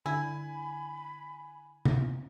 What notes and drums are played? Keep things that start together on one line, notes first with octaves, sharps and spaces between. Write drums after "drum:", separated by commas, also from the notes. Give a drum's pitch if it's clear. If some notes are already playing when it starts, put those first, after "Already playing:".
D3 E4 G#5 B5
drum: tom C3